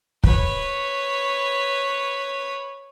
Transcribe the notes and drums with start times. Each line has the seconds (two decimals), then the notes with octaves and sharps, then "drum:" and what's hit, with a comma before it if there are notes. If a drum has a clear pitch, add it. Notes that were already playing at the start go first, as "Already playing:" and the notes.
0.24 B4 C#5, drum: kick